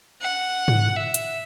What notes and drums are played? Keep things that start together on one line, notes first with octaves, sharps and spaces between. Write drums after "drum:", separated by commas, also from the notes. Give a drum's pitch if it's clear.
F#5
drum: tom G#2
E5
drum: hi-hat